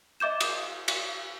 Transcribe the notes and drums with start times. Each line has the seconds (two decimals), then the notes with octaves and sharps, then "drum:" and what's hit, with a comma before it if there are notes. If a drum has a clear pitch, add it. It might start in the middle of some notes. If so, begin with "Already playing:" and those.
0.20 D#5 E5 D6 G6 E7
0.41 D#6, drum: cymbal
0.88 drum: cymbal